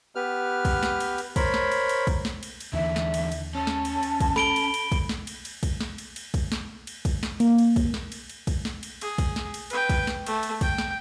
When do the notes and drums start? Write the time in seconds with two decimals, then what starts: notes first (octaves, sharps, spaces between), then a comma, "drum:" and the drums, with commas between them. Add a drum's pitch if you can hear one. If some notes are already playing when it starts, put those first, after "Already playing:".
0.15 B3 G4 B4 F6
0.65 drum: kick, cymbal
0.83 drum: snare
1.00 drum: cymbal
1.18 drum: cymbal
1.36 A#4 C5 C#5 B5, drum: kick, cymbal
1.54 drum: snare
1.72 drum: cymbal
1.89 drum: cymbal
2.07 drum: kick, cymbal
2.25 drum: snare
2.43 drum: cymbal
2.60 drum: cymbal
2.73 D#2 D3 E3 E5
2.96 drum: snare
3.14 drum: cymbal
3.32 drum: cymbal
3.55 C#4 A5
3.67 drum: snare
3.85 drum: cymbal
4.03 drum: cymbal
4.20 drum: kick, cymbal
4.36 A4 B5 D7 G7, drum: snare
4.56 drum: cymbal
4.74 drum: cymbal
4.92 drum: kick, cymbal
5.09 drum: snare
5.27 drum: cymbal
5.45 drum: cymbal
5.63 drum: kick, cymbal
5.81 drum: snare
5.98 drum: cymbal
6.16 drum: cymbal
6.34 drum: kick, cymbal
6.52 drum: snare
6.87 drum: cymbal
7.05 drum: kick, cymbal
7.23 drum: snare
7.40 A#3, drum: cymbal
7.58 drum: cymbal
7.76 drum: kick, cymbal
7.94 drum: snare
8.12 drum: cymbal
8.29 drum: cymbal
8.47 drum: kick, cymbal
8.65 drum: snare
8.83 drum: cymbal
9.01 G#4, drum: cymbal
9.18 drum: kick, cymbal
9.36 drum: snare
9.54 drum: cymbal
9.70 B4 G5, drum: cymbal
9.90 drum: kick, cymbal
10.07 drum: snare
10.26 A3, drum: cymbal
10.43 drum: cymbal
10.61 G5, drum: kick, cymbal
10.78 drum: snare